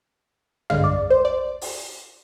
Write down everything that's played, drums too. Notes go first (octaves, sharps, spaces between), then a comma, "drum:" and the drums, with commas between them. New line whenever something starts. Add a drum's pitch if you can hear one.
G2 D3 G#3 F5, drum: tom
D5
C5
D5
drum: open hi-hat